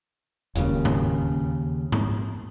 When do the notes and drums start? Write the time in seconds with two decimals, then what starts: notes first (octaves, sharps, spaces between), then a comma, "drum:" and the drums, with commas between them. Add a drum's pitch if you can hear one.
0.55 E1 D#2 A2 C#3, drum: hi-hat
0.85 drum: tom G#2
1.92 drum: tom G#2